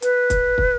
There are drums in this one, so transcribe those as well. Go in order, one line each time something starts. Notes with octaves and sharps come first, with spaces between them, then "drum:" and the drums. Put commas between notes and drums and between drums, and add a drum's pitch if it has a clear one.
B4, drum: hi-hat
drum: kick, hi-hat
drum: kick